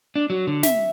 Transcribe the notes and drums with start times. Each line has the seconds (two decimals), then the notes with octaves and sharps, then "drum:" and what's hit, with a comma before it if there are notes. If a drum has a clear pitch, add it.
0.16 D4
0.30 F#3
0.47 D3
0.63 E5, drum: snare